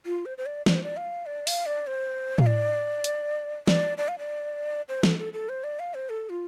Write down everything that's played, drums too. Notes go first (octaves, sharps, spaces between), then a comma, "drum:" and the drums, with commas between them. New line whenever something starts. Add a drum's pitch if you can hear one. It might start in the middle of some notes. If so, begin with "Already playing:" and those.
F4
C5
C5
D5
D5, drum: snare
C5
D5
F5
D5
F5, drum: open hi-hat
D5
C5
F5, drum: tom A2
D5
drum: hi-hat
D5, drum: snare
D5
F5
D5
C5
A4, drum: snare
A4
A4
C5
D5
F5
C5
A4
F4